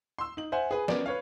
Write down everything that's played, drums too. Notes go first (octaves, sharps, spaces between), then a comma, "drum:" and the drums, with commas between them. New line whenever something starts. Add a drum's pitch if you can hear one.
C6 E6
D#4 F#7
C5 E5 F#5 G#5
G#4 B4
B3 C#4 A#4 D5, drum: snare
B4 C#5 F5